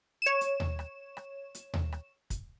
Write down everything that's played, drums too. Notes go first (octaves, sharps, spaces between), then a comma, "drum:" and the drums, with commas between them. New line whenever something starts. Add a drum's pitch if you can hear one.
C#5 E7
drum: hi-hat
drum: tom D#2
drum: rim click
drum: rim click
drum: hi-hat
drum: tom D#2
drum: rim click
drum: kick, hi-hat